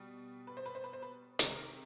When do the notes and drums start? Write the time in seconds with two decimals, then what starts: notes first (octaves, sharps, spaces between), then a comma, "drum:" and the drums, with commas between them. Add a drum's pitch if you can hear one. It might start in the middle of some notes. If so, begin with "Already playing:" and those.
Already playing: B2 G3
0.47 B4
0.57 C5
0.66 B4
0.75 C5
0.84 B4
0.93 C5
1.02 B4
1.39 C3 D#3 G#3 A#4, drum: hi-hat